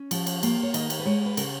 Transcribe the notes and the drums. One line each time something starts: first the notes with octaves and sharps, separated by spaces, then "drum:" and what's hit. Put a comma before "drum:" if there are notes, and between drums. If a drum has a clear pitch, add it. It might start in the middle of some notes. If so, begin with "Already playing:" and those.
Already playing: C#4
F3, drum: cymbal
drum: cymbal
A#3, drum: cymbal
C#5
D#3 D#5, drum: cymbal
drum: cymbal
B4
G#3 C#5
B4
C#3 A#4, drum: cymbal